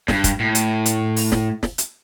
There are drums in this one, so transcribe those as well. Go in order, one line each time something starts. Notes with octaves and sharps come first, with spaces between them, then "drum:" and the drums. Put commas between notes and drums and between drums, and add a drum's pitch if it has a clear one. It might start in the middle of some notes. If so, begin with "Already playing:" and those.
G2, drum: snare
drum: kick, hi-hat
A2
drum: hi-hat
drum: hi-hat
drum: open hi-hat
drum: snare
drum: snare
drum: hi-hat